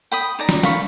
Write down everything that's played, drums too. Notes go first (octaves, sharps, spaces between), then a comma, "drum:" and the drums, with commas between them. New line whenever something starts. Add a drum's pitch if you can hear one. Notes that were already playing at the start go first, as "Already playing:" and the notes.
G5 B5 D#6
D#4 D5 A#5
drum: snare
F5 B5 C#6, drum: snare